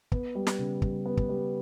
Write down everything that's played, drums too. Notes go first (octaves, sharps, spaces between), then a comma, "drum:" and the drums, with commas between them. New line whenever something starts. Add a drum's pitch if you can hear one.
B3, drum: kick
G3
drum: snare
C#3
G3, drum: kick
B3
drum: kick
G3